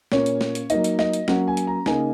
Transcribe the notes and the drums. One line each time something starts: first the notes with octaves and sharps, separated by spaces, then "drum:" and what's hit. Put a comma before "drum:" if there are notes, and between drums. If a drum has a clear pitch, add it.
A#2 A#3 C#4 C#5, drum: snare
drum: hi-hat
drum: snare
drum: hi-hat
F#3 A#3 D#4 D#5, drum: hi-hat
drum: hi-hat
D#5, drum: snare
drum: hi-hat
F#3 A#3 C#4 F#5, drum: snare
G#5
drum: hi-hat
A#5
C#3 A#3 D#4 G#5, drum: snare